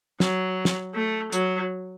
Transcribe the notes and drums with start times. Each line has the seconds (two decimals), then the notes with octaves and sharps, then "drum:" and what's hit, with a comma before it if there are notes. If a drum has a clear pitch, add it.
0.20 F#3, drum: snare
0.65 drum: snare
0.94 A3
1.32 F#3, drum: hi-hat